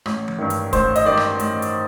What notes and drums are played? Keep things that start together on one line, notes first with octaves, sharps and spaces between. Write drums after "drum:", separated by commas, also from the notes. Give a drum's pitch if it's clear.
A1, drum: rim click
drum: tom E3
G2 D#3
drum: hi-hat
A1 C5, drum: kick, hi-hat
D#5, drum: hi-hat
G2 D#3 D5
drum: rim click
A1, drum: hi-hat
drum: hi-hat